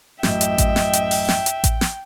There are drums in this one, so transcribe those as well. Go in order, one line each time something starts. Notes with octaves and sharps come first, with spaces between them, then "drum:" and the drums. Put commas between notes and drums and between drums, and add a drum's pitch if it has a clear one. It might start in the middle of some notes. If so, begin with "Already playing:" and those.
A1 F#2 D#5 E5 G5 G6, drum: snare
drum: hi-hat
drum: kick A1, hi-hat
drum: snare
drum: hi-hat
drum: open hi-hat
drum: snare
drum: hi-hat
drum: kick A1, hi-hat
drum: snare